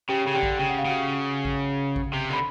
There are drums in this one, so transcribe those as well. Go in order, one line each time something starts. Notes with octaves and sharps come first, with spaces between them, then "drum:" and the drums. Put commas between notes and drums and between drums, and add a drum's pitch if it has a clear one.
C#3 G4 G5
C#3
D3 G4 G5
drum: kick A1
C#3 G5
F#5
F5
C#3 F#4 F#5
drum: kick A1
drum: kick A1
C3
D3
B5